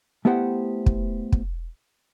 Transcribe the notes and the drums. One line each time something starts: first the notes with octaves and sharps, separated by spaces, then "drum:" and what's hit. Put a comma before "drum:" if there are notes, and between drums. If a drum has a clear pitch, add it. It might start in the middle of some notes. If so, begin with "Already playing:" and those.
A3 B3 E4 G4 C5 F#5
drum: kick
drum: kick